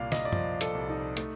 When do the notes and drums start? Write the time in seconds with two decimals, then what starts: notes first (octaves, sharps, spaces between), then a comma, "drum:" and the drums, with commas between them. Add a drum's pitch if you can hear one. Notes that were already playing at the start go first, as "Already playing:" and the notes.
Already playing: C2 A#2 D5 F5
0.12 D#5, drum: snare
0.25 D5
0.33 F3 D#5, drum: tom F#2
0.61 A4, drum: hi-hat
0.75 C2
0.89 D#4
1.17 A3, drum: hi-hat